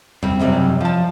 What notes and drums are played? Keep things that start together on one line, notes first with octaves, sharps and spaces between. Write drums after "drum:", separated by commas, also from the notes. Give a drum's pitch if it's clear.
G3 C4, drum: tom E2
C#2 F#2 C3 F#3 G3
F3 A5